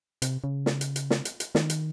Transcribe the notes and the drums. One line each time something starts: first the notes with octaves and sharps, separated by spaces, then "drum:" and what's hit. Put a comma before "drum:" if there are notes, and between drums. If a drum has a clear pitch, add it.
C3, drum: hi-hat
C#3
drum: snare
drum: hi-hat
drum: hi-hat
drum: snare
drum: hi-hat
drum: hi-hat
D#3, drum: snare
drum: hi-hat